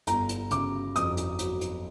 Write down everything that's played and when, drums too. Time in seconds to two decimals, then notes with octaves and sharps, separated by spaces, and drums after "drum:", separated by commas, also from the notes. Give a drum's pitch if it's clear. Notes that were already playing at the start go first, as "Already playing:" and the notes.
0.07 G1 A#5, drum: hi-hat
0.29 drum: hi-hat
0.51 C#3 D6, drum: hi-hat
0.96 F2 D#6, drum: hi-hat
1.17 drum: hi-hat
1.39 F#3, drum: hi-hat
1.61 drum: hi-hat